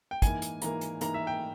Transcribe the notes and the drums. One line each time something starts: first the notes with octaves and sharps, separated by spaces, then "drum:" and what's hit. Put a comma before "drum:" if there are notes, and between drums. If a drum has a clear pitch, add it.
G5
G#2 E3 A#3 G#5, drum: kick, hi-hat
drum: hi-hat
G#2 E3 A#3 A#5, drum: hi-hat
drum: hi-hat
G#2 E3 A#3 A#5, drum: hi-hat
E5
G5